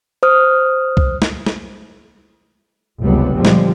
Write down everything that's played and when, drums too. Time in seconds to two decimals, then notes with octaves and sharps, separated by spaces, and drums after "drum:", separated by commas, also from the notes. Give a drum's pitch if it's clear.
0.23 C5 D#6 F6
0.97 drum: kick B1
1.22 drum: snare
1.46 drum: snare
3.01 F1 C#2 F#3 G3 B3
3.35 A#2 D3 F3 G3 G#3
3.45 drum: snare